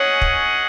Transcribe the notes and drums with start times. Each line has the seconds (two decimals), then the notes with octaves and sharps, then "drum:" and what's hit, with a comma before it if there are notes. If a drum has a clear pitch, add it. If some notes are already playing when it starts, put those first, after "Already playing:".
Already playing: C#4 G#4 C#5 D#5 F#5
0.21 drum: kick